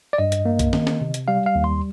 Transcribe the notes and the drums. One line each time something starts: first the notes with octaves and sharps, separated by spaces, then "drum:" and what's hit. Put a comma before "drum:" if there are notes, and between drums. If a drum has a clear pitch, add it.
D5
G2 D#5
drum: hi-hat
A#3
drum: kick B1, hi-hat
D#3, drum: snare
drum: snare
C3
drum: hi-hat
G3 F5
F5
D#2
C6